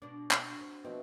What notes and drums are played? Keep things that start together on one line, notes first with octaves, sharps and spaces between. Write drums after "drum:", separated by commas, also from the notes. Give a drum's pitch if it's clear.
B2 D4
F#4, drum: clap
C4
B2 F3 C4 E5